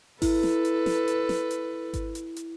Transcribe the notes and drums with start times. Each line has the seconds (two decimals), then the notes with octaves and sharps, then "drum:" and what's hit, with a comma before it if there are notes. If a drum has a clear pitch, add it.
0.22 E4 A4 B4, drum: kick G#1, open hi-hat
0.43 drum: snare
0.65 drum: hi-hat
0.86 drum: snare
1.08 drum: hi-hat
1.29 drum: snare
1.51 drum: hi-hat
1.94 drum: kick G#1, hi-hat
2.15 drum: hi-hat
2.36 drum: hi-hat